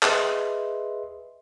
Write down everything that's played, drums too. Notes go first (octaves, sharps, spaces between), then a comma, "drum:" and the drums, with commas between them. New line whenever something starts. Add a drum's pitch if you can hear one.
G#4 B4 D#5 E5 C6, drum: clap